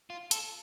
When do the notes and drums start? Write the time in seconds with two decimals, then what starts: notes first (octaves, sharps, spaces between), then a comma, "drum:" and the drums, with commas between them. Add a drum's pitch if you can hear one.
0.10 F4
0.31 A4, drum: hi-hat